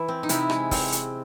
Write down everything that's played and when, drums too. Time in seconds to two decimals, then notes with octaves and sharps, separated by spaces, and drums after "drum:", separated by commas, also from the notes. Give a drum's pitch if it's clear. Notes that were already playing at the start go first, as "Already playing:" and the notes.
Already playing: E3 E4
0.08 C4
0.23 D#4
0.29 C3 E4, drum: hi-hat
0.50 G#3, drum: rim click
0.71 C4, drum: kick, open hi-hat
0.92 drum: hi-hat